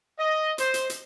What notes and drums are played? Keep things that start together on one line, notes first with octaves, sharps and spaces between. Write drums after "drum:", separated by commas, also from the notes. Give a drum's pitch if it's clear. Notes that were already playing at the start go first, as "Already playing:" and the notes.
D#5
C5, drum: hi-hat
drum: hi-hat
drum: hi-hat